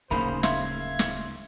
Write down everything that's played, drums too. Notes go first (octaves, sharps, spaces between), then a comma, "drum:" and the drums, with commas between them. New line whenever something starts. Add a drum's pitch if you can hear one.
D1 C#3 A#3 D#4 E4 C5 B5
E5 F5 C6 G#6, drum: snare
drum: snare